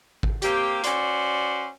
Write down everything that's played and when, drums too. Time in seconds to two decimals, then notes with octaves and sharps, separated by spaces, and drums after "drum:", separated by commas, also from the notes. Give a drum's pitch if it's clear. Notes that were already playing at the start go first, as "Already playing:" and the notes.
0.23 drum: kick G#1
0.42 A#3 C4 G4, drum: hi-hat
0.83 C#4 F#4 C5 D5, drum: hi-hat